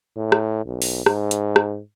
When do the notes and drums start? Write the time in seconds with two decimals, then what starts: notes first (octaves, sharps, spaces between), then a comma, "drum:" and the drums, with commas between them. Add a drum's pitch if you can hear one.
0.17 A2
0.32 drum: rim click
0.66 B1
0.82 drum: open hi-hat
1.06 G#2, drum: rim click
1.31 drum: hi-hat
1.56 drum: rim click